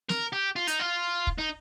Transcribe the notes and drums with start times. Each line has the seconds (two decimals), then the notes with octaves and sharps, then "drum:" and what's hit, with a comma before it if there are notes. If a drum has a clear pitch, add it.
0.09 A#4, drum: snare
0.33 G4
0.56 F4
0.67 D#4, drum: hi-hat
0.80 F4
1.27 drum: kick
1.38 D#4